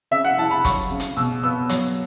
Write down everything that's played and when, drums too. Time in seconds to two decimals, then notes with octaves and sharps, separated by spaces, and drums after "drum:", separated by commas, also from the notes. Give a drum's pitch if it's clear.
0.11 C#3 E5
0.25 F#5
0.38 E4 A5
0.51 B5
0.65 F#3 C#6, drum: kick, hi-hat
0.90 C#3
1.00 drum: hi-hat
1.17 B2 E6
1.43 B3 E6
1.69 F#3, drum: hi-hat